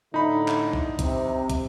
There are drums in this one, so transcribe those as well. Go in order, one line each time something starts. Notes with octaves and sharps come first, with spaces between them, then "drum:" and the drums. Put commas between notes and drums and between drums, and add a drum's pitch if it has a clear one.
A2 D3 D#4 E4 B5
drum: clap
drum: kick
C3, drum: kick, hi-hat
drum: kick, hi-hat